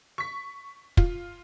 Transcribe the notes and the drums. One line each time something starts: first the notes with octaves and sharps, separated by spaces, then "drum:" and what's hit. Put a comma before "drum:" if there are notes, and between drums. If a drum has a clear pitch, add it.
C#6 B6
F4, drum: kick